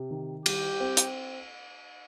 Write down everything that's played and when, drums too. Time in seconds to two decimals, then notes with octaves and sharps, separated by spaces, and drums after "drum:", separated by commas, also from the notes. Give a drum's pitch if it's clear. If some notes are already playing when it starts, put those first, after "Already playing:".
Already playing: C3
0.11 D#3
0.46 G3 G4, drum: cymbal
0.80 C4
0.97 drum: hi-hat